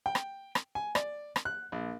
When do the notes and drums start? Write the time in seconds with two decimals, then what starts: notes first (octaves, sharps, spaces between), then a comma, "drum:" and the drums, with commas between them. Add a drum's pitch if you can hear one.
0.06 G5
0.15 drum: rim click
0.55 drum: rim click
0.75 G#5
0.95 D5, drum: rim click
1.36 drum: rim click
1.45 F#6
1.72 A#1